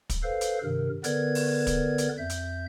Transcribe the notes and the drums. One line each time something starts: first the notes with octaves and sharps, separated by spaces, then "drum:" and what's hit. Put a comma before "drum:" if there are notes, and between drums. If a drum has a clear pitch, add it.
drum: kick, hi-hat
A4 B4 C5 F5
drum: hi-hat
G2 C3 D#3 A#4
D3 B3 A#4 B4 D5 G#6, drum: hi-hat
drum: open hi-hat
drum: kick, hi-hat
drum: hi-hat
F2 E5 G6
drum: hi-hat